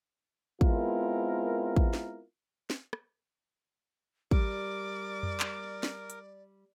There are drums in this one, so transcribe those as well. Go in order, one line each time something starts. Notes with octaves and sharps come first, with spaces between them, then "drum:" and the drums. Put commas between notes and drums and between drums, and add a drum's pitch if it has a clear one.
G#3 B3 C4 E4 F4 A#4, drum: kick
drum: kick
drum: snare
drum: snare
drum: rim click
G3 A#4 D5 D6, drum: kick
drum: tom F2
drum: clap
drum: snare
drum: hi-hat